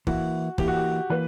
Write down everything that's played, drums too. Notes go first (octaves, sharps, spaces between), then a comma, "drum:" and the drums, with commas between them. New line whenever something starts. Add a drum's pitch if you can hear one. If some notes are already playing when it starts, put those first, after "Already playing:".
E3 A#3 E4 F#4, drum: kick
E3 A#3 E4 G4, drum: kick
F#4
G4
E3 A#3 B4